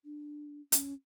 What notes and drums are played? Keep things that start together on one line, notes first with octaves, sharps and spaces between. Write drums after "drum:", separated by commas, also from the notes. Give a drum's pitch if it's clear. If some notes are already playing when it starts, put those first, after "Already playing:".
D4
C#4, drum: hi-hat